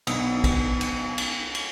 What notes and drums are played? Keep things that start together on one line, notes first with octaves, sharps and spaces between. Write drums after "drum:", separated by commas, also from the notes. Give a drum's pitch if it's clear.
B1 B3 D4 D#6 E6, drum: cymbal
drum: kick, cymbal
drum: cymbal
drum: cymbal
drum: cymbal